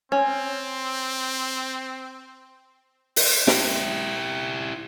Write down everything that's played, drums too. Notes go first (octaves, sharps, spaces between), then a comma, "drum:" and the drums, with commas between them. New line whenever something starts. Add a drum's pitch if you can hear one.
C4 C#4
drum: open hi-hat
E4 G4, drum: snare